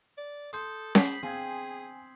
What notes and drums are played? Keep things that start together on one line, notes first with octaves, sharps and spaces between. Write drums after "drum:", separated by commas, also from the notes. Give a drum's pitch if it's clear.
D5
A4 C6 D#6 G6
B5 B6 C7 F#7, drum: snare C#4
C4 G#4 F5 G#5 G#6